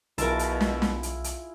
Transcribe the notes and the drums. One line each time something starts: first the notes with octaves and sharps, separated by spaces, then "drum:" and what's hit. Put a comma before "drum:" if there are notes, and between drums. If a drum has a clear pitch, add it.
B1 B2 E4 F4 G#4 A#4 A5, drum: hi-hat
drum: hi-hat
drum: snare
drum: snare
drum: hi-hat
drum: hi-hat